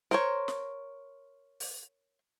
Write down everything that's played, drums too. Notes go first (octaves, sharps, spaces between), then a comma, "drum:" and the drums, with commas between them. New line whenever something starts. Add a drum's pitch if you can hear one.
A#4 C5 C#5, drum: snare
drum: snare
drum: open hi-hat